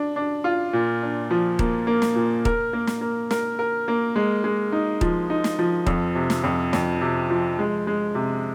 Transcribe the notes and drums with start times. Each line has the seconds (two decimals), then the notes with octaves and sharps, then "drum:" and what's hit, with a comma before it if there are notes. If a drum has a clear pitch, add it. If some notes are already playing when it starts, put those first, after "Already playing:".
Already playing: D4
0.16 D4
0.44 F4
0.73 A#2
1.02 D4
1.31 F3
1.59 A#3, drum: kick D#1
1.87 A#3
2.02 drum: snare
2.15 A#2
2.45 A#4, drum: kick D#1
2.73 A#3
2.87 drum: snare
3.01 A#3
3.31 A#4, drum: snare
3.59 A#4
3.88 A#3
4.16 G#3
4.44 G#3
4.72 D#4
5.01 F3, drum: kick D#1
5.30 D#4
5.44 drum: snare
5.59 F3
5.87 F2, drum: kick D#1
6.15 C3
6.30 drum: snare
6.44 F2
6.73 F2, drum: snare
7.01 C3
7.30 F3
7.59 G#3
7.87 G#3
8.15 C3